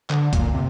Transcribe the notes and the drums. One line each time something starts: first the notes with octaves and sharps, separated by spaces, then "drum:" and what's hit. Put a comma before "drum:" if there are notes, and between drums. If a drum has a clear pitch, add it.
D3, drum: clap
A#2, drum: kick C2, hi-hat
C3